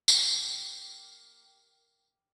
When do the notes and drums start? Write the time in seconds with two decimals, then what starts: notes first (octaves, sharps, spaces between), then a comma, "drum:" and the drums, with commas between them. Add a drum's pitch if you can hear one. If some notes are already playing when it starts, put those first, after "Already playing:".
0.08 A#3 G4, drum: tambourine